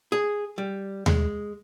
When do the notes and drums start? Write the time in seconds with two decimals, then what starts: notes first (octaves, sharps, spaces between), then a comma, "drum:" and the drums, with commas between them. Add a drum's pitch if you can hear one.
0.12 G#4
0.58 G3
1.06 G#3, drum: tom D#2